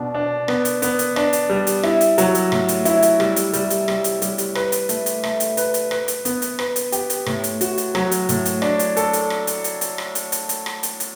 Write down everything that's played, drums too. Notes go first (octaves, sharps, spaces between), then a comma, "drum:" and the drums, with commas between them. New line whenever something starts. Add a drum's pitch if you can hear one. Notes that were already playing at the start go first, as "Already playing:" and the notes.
Already playing: B2 D4
D4
B3, drum: rim click
drum: hi-hat
B3, drum: hi-hat
drum: hi-hat
D4, drum: rim click
drum: hi-hat
G3
drum: hi-hat
E4, drum: rim click
drum: hi-hat
F#3, drum: hi-hat
drum: hi-hat
A2, drum: rim click
drum: hi-hat
E4, drum: hi-hat
drum: hi-hat
G3, drum: rim click
drum: hi-hat
G3, drum: hi-hat
drum: hi-hat
G3, drum: rim click
drum: hi-hat
G3, drum: hi-hat
drum: hi-hat
B4, drum: rim click
drum: hi-hat
A3, drum: hi-hat
drum: hi-hat
A3, drum: rim click
drum: hi-hat
B4, drum: hi-hat
drum: hi-hat
B4, drum: rim click
drum: hi-hat
B3, drum: hi-hat
drum: hi-hat
B4, drum: rim click
drum: hi-hat
G4, drum: hi-hat
drum: hi-hat
A2, drum: rim click
drum: hi-hat
F#4, drum: hi-hat
drum: hi-hat
F#3, drum: rim click
drum: hi-hat
A2, drum: hi-hat
drum: hi-hat
D4, drum: rim click
drum: hi-hat
A4, drum: hi-hat
drum: hi-hat
drum: rim click
drum: hi-hat
drum: hi-hat
drum: hi-hat
drum: rim click
drum: hi-hat
drum: hi-hat
drum: hi-hat
drum: rim click
drum: hi-hat
drum: hi-hat